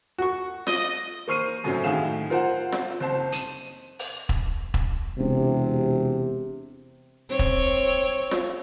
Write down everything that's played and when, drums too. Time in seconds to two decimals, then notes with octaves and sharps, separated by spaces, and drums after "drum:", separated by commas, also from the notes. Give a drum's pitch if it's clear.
0.18 F#4 C#6
0.67 D#5, drum: snare F4
1.28 A#3 C5 C#6 F6 C7 D#7
1.64 F#2 A2 D3 F#3 C4 C#4
1.84 A2 D#3 F#4 G#4 F5 E7
2.30 F4 A#4 C5 F#5
2.72 drum: snare F4
3.00 F#1 C4 C5 A5
3.32 D#7 E7, drum: hi-hat
3.99 drum: open hi-hat
4.29 drum: kick E1
4.74 drum: kick E1
5.18 E1 C3
7.30 C4 C#5
7.39 drum: kick E1
8.31 drum: snare F4